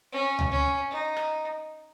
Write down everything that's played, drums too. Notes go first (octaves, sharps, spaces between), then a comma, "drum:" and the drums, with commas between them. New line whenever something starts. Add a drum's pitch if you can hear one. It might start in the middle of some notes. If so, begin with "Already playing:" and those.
C#4
drum: tom C#2
C#4
D#4
drum: rim click